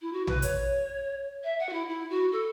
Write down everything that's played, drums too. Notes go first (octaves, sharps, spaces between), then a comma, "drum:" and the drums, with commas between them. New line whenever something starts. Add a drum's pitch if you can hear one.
E4
F#4
B4, drum: tom A#1
C#5, drum: hi-hat
E5
F#5
F#4
E4
E4
F#4
A4